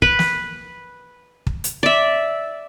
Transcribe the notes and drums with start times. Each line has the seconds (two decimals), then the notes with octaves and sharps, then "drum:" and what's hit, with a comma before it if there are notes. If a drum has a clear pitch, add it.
0.02 B4, drum: kick
0.19 drum: snare
1.47 drum: kick
1.64 drum: hi-hat
1.83 D5 E5